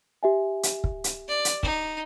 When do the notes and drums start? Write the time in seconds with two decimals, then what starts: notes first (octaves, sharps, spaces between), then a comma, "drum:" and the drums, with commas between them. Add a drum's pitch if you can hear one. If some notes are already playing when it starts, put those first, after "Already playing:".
0.23 G4 E5 G#5
0.63 drum: hi-hat
0.84 drum: kick
1.04 drum: hi-hat
1.28 D5
1.45 drum: hi-hat
1.63 D#4, drum: kick